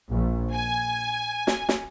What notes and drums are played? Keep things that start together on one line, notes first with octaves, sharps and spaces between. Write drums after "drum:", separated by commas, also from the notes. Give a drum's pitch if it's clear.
A#1
G#5
drum: snare
drum: snare